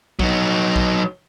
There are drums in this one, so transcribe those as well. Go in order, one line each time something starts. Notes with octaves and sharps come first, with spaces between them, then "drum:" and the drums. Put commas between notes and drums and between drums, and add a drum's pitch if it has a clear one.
F#3 D#4, drum: kick A#1
drum: kick A#1